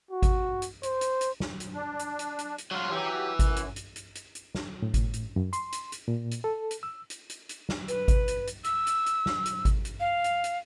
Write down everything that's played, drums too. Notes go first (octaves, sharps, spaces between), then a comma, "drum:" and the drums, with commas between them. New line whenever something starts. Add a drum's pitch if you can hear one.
F#4
drum: kick G#1, hi-hat
drum: hi-hat
C5, drum: hi-hat
drum: hi-hat
drum: hi-hat
drum: snare
drum: hi-hat
D4
drum: hi-hat
drum: hi-hat
drum: hi-hat
drum: hi-hat
F#3 F4
E3 F#3 G4
F#2, drum: kick G#1, hi-hat
drum: hi-hat
drum: hi-hat
drum: hi-hat
drum: hi-hat
drum: hi-hat
drum: snare
A2
drum: kick G#1, hi-hat
drum: hi-hat
F#2
C6, drum: hi-hat
drum: hi-hat
drum: hi-hat
A#2
drum: hi-hat
A4
drum: hi-hat
E6
drum: hi-hat
drum: hi-hat
drum: hi-hat
drum: snare
B4, drum: hi-hat
drum: kick G#1, hi-hat
drum: hi-hat
drum: hi-hat
E6, drum: hi-hat
drum: hi-hat
drum: hi-hat
drum: snare
drum: hi-hat
drum: kick G#1, hi-hat
drum: hi-hat
F5
drum: hi-hat
drum: hi-hat